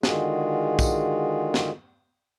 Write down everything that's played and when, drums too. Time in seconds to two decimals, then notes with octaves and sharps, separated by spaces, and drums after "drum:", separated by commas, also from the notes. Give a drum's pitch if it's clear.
0.03 D3 D#3 G#3 F4 F#4 G#4, drum: snare
0.79 drum: kick, tambourine
1.54 drum: snare